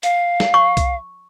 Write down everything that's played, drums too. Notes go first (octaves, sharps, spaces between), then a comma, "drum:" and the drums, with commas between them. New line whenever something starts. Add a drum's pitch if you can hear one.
F5, drum: hi-hat
drum: snare
C#6
drum: kick B1, hi-hat